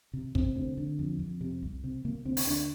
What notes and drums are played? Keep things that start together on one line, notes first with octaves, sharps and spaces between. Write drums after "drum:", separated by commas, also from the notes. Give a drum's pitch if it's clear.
C3
C3 C4, drum: kick
D2 C4
D3
F2
F2
C3
C2
C3
C3 A#3
D2 C4
drum: open hi-hat
D2 D4